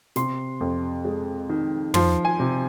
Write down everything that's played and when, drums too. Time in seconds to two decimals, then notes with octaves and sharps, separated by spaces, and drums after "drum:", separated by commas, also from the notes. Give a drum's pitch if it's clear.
0.16 C3 C6, drum: snare
0.61 F2
1.05 G#3
1.50 D#3
1.94 F3 C6, drum: tom
2.25 G#5
2.40 C3